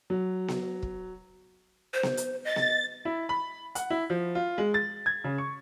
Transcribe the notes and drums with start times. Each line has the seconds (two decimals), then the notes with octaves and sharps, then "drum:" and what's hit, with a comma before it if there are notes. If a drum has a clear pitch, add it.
0.10 F#3
0.48 drum: snare B3
0.83 drum: kick
1.94 C5
2.03 drum: snare B3
2.17 drum: hi-hat
2.45 D#5 A6
2.56 drum: snare B3
3.05 E4
3.29 B5
3.75 F#5, drum: hi-hat
3.90 E4
4.10 F3
4.35 F4
4.58 G#3
4.74 A6
5.06 G#6
5.24 C#3
5.38 C#6